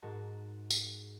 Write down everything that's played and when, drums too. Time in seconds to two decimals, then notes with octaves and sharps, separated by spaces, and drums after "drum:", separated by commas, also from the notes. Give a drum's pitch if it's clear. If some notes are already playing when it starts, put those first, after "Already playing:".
0.02 G#2 G#3 F#4 A#4 A5
0.70 drum: tambourine